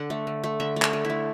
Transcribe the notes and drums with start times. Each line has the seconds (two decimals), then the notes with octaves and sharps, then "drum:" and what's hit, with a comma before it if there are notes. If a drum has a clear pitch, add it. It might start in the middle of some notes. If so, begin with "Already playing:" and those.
Already playing: D3 F#5
0.10 A3
0.27 D3
0.44 A3
0.60 D3 E5
0.76 A3
0.82 C#5, drum: clap
0.93 D3
1.05 E4
1.10 A3